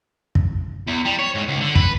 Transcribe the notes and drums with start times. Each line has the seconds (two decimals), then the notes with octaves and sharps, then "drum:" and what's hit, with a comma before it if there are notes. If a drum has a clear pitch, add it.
0.35 drum: kick
0.88 E2
1.05 G3
1.19 C#5
1.35 G#2
1.48 C#2
1.61 D3
1.75 B4, drum: kick